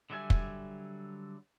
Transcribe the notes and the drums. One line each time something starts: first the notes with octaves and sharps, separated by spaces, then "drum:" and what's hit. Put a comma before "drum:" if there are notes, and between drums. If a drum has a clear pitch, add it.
D3 F#3 G3 E5 G#5
drum: kick